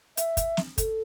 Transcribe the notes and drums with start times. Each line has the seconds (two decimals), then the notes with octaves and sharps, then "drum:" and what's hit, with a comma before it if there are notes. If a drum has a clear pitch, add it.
0.17 E5, drum: hi-hat
0.37 drum: kick, hi-hat
0.57 drum: snare
0.78 A4, drum: kick, hi-hat